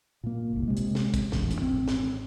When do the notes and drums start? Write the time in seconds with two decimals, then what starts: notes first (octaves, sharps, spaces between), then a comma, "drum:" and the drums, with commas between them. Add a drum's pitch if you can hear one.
0.23 A#2 A#3
0.53 F#1 C2
0.68 C3 G#3
0.77 drum: hi-hat
0.95 drum: snare
1.14 drum: kick, hi-hat
1.32 F1 A#1 E2 A2, drum: snare
1.51 drum: hi-hat
1.61 G#1 C4
1.88 drum: snare